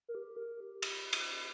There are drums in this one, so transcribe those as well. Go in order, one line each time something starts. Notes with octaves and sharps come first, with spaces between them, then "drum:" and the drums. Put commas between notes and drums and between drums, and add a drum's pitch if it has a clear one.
A#4
G4
A#4
G4
drum: cymbal
drum: cymbal